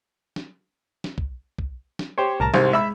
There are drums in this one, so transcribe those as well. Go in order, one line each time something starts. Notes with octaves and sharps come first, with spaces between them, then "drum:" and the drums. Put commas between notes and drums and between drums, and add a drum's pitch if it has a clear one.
drum: snare
drum: snare
drum: kick
drum: kick
drum: snare
G4 C5 C#5 C6
C2 A2 A#4 A5 A#5
C2 G#2 G4 C5, drum: snare
G#3 E5 B5 E6